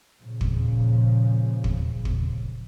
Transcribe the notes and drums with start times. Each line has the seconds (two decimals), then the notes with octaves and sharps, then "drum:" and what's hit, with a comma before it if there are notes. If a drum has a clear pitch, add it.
0.20 A#2 C#3 F3
0.41 drum: kick
1.64 drum: kick
2.05 drum: kick